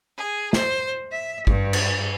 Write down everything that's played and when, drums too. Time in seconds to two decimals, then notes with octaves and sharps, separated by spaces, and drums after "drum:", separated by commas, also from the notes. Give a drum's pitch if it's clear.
0.17 G#4
0.53 C5, drum: snare
1.11 E5
1.47 G2, drum: kick G#1
1.73 drum: cymbal